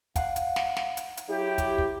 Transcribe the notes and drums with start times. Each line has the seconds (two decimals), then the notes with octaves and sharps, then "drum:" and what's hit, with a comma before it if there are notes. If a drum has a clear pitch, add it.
0.16 F5 F#5, drum: kick, hi-hat
0.36 drum: hi-hat
0.56 drum: snare
0.77 drum: snare
0.97 drum: hi-hat
1.17 drum: hi-hat
1.29 F#3 E4 G4
1.58 drum: kick, hi-hat
1.78 drum: kick